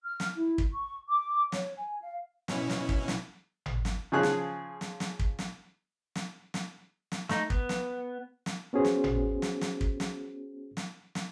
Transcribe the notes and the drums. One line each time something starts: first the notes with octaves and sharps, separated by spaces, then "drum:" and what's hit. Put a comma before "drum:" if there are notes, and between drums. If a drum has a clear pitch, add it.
F6
drum: snare
E4
drum: kick
C#6
D6
C#5, drum: snare
G#5
F5
B2 C#4 E4, drum: snare
drum: snare
drum: kick
drum: snare
drum: tom G#1
drum: snare
C#3 F3 G#4 F#6
drum: snare
drum: snare
drum: snare
drum: kick
drum: snare
drum: snare
drum: snare
drum: snare
A3 D#4, drum: snare
B3, drum: kick
drum: snare
drum: snare
B3 C#4 F#4 G#4 C5
drum: snare
drum: tom G#1
drum: snare
drum: snare
drum: kick
drum: snare
drum: snare
drum: snare